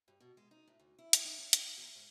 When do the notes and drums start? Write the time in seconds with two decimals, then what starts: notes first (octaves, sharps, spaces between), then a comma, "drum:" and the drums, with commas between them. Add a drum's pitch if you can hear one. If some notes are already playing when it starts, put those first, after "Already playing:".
0.08 G2
0.20 B2
0.37 G#3
0.51 D#4
0.68 A2
0.80 D2
0.99 E4
1.13 drum: hi-hat
1.25 D#4
1.39 C#4
1.53 D#4, drum: hi-hat
1.78 E2
1.95 G#2